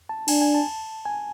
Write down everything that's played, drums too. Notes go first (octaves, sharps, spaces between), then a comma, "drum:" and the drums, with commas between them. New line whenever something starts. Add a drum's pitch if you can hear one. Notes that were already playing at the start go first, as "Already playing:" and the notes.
A5
D4 G#5, drum: cymbal
G#5
A5
G#5